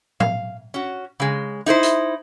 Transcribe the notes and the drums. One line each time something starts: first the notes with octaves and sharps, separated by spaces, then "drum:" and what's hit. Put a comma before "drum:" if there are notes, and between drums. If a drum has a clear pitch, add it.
F5, drum: tom A2
C#4 F#4
C#3 G#3
D#4 E4 B4 C5
drum: hi-hat